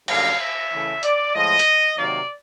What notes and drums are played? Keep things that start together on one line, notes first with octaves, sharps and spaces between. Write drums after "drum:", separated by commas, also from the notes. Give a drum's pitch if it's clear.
F#2 D3 G3 A#3 F5, drum: cymbal
E5
C#3 E3 A3
D5, drum: hi-hat
A2 F3 G#3 D#5
drum: hi-hat
C3 D#3 F#3 A#3 D5